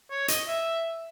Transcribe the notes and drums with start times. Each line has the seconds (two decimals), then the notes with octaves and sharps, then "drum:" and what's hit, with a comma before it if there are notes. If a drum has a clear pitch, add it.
0.11 C#5
0.28 D#5, drum: hi-hat
0.48 E5